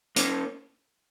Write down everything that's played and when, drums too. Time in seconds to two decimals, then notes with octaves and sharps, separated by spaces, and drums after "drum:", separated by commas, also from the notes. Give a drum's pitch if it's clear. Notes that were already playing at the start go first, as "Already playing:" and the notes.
0.16 A#3 C#4, drum: hi-hat